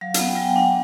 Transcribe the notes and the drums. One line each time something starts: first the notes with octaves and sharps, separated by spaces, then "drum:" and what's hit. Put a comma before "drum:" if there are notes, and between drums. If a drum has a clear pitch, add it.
F#3 F5
F#5, drum: hi-hat
B3
G5
F#3 G#5
G5
D4 F#5